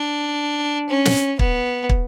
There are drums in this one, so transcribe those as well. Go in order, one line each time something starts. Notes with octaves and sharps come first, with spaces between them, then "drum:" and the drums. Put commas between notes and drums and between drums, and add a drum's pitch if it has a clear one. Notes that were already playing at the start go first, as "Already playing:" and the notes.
Already playing: D4
C#4
drum: snare
B3, drum: kick
drum: kick